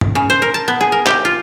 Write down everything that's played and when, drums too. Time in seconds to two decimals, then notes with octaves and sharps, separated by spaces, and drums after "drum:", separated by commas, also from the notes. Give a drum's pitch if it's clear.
0.01 drum: tom G2
0.15 C#3
0.30 C5
0.42 A#4
0.54 A5
0.68 B3
0.81 G#4
0.92 A#4
1.06 G4, drum: clap
1.25 F4